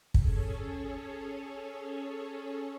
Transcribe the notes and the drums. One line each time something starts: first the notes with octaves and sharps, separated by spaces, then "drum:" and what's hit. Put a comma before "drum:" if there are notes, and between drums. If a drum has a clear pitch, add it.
C#4 G#4 A4 C#5, drum: kick